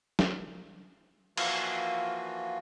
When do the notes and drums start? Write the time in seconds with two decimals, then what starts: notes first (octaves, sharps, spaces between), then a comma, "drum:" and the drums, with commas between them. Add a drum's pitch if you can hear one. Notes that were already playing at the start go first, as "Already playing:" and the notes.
0.19 drum: snare
1.37 E3 F3 A#3 F4 F#4, drum: cymbal